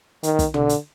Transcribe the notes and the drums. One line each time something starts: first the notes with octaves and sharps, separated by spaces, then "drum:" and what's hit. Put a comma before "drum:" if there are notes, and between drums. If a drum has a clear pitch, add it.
D#3, drum: hi-hat
drum: kick, hi-hat
D3, drum: tom
drum: hi-hat